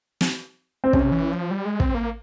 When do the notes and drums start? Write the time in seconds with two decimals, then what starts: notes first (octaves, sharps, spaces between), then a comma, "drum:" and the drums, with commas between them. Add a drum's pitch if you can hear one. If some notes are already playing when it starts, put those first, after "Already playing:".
0.21 drum: snare
0.84 C4
0.93 C3 C#4, drum: kick
1.12 E3
1.32 F3
1.51 G3
1.65 G#3
1.80 C4, drum: kick
1.95 A#3